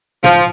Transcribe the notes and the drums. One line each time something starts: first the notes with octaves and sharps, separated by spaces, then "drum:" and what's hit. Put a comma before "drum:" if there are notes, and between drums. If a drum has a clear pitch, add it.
F3, drum: tom